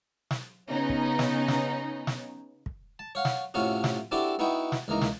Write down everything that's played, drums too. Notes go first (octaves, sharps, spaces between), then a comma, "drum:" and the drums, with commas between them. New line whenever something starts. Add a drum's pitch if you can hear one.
drum: snare
C#3 B3 C#4 D#4
drum: kick
drum: snare
drum: snare
drum: snare
drum: kick
A5
C#5 F5 F#5
drum: snare
A2 C3 C#4 F4 F#4
drum: snare
C4 D4 E4 F#4 G4 A4
B3 D#4 E4 F#4 B4 G5
drum: snare
C#2 E3 A#3 D#4 A#5
drum: snare